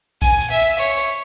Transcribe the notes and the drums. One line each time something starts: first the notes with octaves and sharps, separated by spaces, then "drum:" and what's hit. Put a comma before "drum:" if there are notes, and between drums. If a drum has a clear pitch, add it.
G#5, drum: kick A#1, hi-hat
drum: hi-hat
E5
drum: hi-hat
C#5, drum: hi-hat
drum: hi-hat